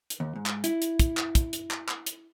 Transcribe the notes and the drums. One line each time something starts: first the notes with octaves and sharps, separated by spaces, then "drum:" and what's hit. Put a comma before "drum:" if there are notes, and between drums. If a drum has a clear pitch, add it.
drum: hi-hat
D#2
G#2
drum: clap
E4, drum: hi-hat
drum: hi-hat
drum: kick, hi-hat
drum: clap
drum: kick, hi-hat
drum: hi-hat
drum: clap
drum: clap
drum: hi-hat